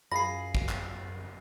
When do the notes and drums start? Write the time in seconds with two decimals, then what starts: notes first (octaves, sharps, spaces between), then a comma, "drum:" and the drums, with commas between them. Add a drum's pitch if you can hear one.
0.12 F#2 F4 G#4 B5 A#6 C7
0.55 drum: kick
0.69 drum: clap